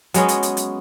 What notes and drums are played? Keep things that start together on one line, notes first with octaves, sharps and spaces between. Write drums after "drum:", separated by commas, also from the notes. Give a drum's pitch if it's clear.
F#3 G#3 B3 C#4, drum: hi-hat
drum: hi-hat
drum: hi-hat
drum: hi-hat